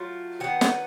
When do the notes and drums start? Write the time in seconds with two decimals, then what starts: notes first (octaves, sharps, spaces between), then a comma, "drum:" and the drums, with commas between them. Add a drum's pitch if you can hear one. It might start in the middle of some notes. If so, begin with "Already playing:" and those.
Already playing: F#3 A3 F4
0.40 D#3 F#3 B3 F#5
0.61 drum: snare